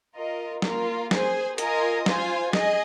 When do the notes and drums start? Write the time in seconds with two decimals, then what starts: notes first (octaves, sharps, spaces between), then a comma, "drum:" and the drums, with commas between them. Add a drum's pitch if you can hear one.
0.15 F4 A#4 D#5
0.62 A#3 F4 A#4, drum: snare
1.11 G#4 C5 G#5, drum: snare
1.58 F4 A#4 D#5 G#5, drum: hi-hat
2.06 F4 C5 G#5, drum: snare
2.53 G#4 D#5, drum: snare